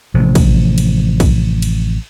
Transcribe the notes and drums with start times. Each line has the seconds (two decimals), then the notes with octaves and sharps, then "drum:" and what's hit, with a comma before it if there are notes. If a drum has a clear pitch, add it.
0.14 A1 C3 F3
0.35 drum: kick, cymbal
0.78 drum: cymbal
1.20 drum: kick, cymbal
1.62 drum: cymbal